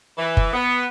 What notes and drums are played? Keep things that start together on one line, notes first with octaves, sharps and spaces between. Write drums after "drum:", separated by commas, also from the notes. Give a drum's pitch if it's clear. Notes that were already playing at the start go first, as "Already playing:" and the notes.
E3
drum: kick F#1
B3